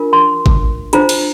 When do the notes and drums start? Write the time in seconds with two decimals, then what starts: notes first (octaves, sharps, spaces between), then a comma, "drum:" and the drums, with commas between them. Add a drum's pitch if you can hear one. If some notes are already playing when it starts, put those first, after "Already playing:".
Already playing: D4 F4 A#4
0.13 C6
0.46 drum: kick A1
0.93 D4 F4 C5 A#5, drum: hi-hat
1.09 drum: cymbal